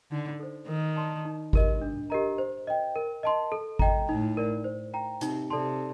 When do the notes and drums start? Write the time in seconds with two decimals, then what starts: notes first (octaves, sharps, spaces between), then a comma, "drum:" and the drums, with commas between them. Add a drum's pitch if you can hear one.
0.11 D3 D#4
0.40 A4 C5
0.68 D#3 A#4
0.96 D5 A5 C6
1.25 D#4
1.53 G4 A#4 D#5, drum: kick G#1
1.81 D4
2.10 G4 A#4 D#5 A#5
2.38 C5
2.67 D#5 G5
2.96 A#4
3.23 D#5 A5 C6
3.52 A4
3.79 D#5 G5 A#5, drum: kick G#1
4.09 A2 D#4
4.37 A#4 D5
4.64 C5
4.94 G5 A#5
5.21 C3 D#4, drum: hi-hat
5.50 C3 A4 D5 A5 C6